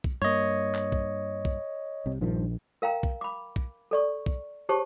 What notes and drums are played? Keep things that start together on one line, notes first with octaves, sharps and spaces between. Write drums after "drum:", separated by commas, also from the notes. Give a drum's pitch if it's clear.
drum: kick B1
G2 A#3 C#5 D#5
drum: clap
drum: kick B1
drum: kick B1
C2 C3
A#1 G2 D#3 F3
A#4 F5 G5 A#5
drum: kick B1
B5 D6
drum: kick B1
A4 D5 C#6
drum: kick B1
G4 G#4 C5 C#5 A5 C#6